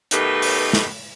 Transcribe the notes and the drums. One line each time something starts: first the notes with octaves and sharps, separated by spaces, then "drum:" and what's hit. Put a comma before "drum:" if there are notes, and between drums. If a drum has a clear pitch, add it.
B2 D#3 A3 D#4 G4 B4, drum: hi-hat
drum: open hi-hat
drum: snare